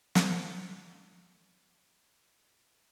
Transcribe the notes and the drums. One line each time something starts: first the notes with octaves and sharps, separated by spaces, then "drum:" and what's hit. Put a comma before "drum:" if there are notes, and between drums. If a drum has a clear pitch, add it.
F3 G#3 C5, drum: snare